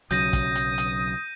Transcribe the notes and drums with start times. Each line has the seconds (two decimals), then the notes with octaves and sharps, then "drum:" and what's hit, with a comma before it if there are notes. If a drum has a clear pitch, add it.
0.11 B1 C#3 F#3 D#6 G6 A#6 D#7, drum: hi-hat
0.33 drum: kick, hi-hat
0.55 drum: hi-hat
0.78 drum: hi-hat